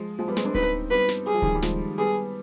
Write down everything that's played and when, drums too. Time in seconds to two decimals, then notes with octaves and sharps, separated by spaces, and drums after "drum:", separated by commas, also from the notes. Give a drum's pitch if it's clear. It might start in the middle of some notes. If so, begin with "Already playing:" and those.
Already playing: F3 G#3
0.19 F3 G#3
0.28 G3 B3
0.36 G#3 C4, drum: snare
0.45 B3 D4
0.54 C4 D#4 B4, drum: kick D1
0.90 G3 B3 B4
1.08 drum: snare
1.26 G3 G#4
1.34 F3
1.42 D#3 G3, drum: kick D1
1.55 G3
1.62 F3 G#3, drum: snare
1.98 G3 B3 G#4